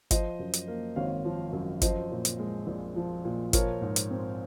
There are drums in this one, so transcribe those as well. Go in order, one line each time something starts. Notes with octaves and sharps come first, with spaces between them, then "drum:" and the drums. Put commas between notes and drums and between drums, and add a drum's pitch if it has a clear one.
F3 C5 D#5, drum: kick G#1, hi-hat
F#2
drum: hi-hat
A#3
G#1 C#5 F5
F3
F#2
F3 C5 D#5, drum: kick G#1, hi-hat
A#2
drum: hi-hat
G#3
A#1
F3
A#2
F3 A#4 C#5, drum: kick G#1, hi-hat
G#2
drum: hi-hat
C4